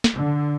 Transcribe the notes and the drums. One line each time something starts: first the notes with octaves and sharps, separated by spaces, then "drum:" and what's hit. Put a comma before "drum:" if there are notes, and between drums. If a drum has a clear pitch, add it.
drum: snare
D3